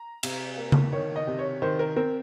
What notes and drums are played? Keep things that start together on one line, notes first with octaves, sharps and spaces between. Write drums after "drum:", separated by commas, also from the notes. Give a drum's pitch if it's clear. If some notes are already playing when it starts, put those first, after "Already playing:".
Already playing: A#5
C3, drum: cymbal
A#3
drum: tom C#3
D#3 C#5
D#5
C3
C#5
D#3 C5
A#4
C4 A#4